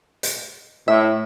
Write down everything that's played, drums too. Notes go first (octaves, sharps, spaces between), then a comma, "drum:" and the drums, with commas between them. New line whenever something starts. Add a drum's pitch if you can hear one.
drum: hi-hat
A2 E5